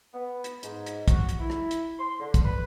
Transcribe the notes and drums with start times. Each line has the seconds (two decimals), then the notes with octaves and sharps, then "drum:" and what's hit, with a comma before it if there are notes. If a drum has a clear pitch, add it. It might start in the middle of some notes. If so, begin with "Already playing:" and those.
0.14 B3
0.44 drum: hi-hat
0.63 G#2, drum: hi-hat
0.86 drum: hi-hat
1.08 F#4, drum: kick, hi-hat
1.29 drum: hi-hat
1.40 E4
1.50 drum: rim click
1.71 drum: hi-hat
1.99 C6
2.20 D3
2.34 drum: kick, hi-hat
2.44 B4